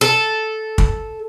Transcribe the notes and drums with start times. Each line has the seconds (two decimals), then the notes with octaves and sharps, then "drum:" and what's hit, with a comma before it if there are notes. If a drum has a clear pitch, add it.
0.01 A4
0.78 drum: kick